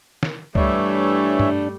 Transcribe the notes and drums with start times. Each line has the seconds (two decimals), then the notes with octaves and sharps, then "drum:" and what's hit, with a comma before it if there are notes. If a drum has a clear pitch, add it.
0.23 drum: snare
0.55 G2 E3 G3 A3 D4 C#5 E5, drum: kick
1.40 drum: tom G2